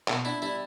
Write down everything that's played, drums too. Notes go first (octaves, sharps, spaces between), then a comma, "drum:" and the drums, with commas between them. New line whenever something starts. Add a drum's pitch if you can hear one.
B2, drum: clap
D4 E4
G3 E4